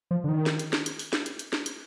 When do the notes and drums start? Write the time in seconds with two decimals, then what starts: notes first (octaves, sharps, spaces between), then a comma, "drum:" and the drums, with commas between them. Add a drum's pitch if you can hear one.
0.11 F3
0.24 D3
0.29 D#3
0.46 drum: snare
0.59 drum: hi-hat
0.73 drum: snare
0.86 drum: hi-hat
0.99 drum: open hi-hat
1.13 drum: snare
1.26 drum: hi-hat
1.39 drum: hi-hat
1.53 drum: snare
1.66 drum: hi-hat